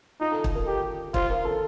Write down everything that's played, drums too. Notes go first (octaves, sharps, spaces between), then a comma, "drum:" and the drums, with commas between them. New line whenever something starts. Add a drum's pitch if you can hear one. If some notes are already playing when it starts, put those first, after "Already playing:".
D#4 F4
A4
A4, drum: kick
A#4
G4
F4 C5, drum: kick
A#4
A4